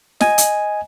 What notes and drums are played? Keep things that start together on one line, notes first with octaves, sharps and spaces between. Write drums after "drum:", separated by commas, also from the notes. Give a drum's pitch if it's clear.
D#5 G#5, drum: snare
drum: hi-hat